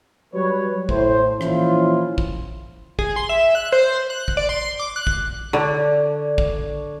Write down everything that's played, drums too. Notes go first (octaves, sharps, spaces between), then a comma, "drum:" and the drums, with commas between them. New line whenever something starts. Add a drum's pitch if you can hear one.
F#3 G3 B4 C#5
A2 C5, drum: kick
A#2 E3 F3 C#4 E4 F4, drum: rim click
drum: kick
G#4, drum: kick
C6
E5
F#6
C5
F#6
drum: kick
D5
C6
D6
F#6
drum: kick
D3 D4 C#5 D5
drum: kick